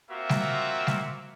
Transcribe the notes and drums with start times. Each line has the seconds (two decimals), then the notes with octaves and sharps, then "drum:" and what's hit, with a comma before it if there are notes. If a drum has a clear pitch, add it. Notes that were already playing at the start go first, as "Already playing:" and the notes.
0.10 A#3 C4 F4 F#4 E5
0.29 drum: snare G3
0.87 drum: snare G3